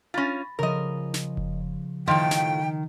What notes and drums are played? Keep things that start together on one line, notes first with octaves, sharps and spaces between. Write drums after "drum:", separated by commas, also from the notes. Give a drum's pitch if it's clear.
C#4 F4 B5 A6 A#6
C#3 F3 A#4 D#5
drum: snare
drum: kick F1
A2 D#3 F3 D#5 G5
drum: snare